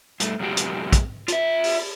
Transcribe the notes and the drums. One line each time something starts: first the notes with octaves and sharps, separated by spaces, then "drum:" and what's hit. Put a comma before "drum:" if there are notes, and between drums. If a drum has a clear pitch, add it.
G2 A3, drum: hi-hat
F#2 C3 G#3 F#4 G4
drum: hi-hat
drum: kick, hi-hat
F4 E5, drum: hi-hat
drum: open hi-hat